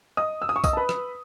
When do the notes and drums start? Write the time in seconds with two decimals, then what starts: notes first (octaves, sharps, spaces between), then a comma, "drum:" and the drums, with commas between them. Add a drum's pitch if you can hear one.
0.17 D#5 D#6
0.42 E6
0.49 D#6
0.56 C#6
0.64 D#5 D#6, drum: kick, tambourine
0.73 A5
0.77 B4 B5
0.89 drum: rim click